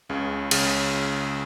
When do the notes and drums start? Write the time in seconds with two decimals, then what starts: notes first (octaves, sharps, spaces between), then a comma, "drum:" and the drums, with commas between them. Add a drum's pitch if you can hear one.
0.09 C#2 C#3
0.51 C#2 C#3, drum: cymbal